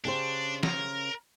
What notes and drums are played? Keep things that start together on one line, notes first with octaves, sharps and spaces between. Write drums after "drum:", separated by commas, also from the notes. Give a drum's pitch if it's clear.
C#3 D4 G4 C5
A#4, drum: snare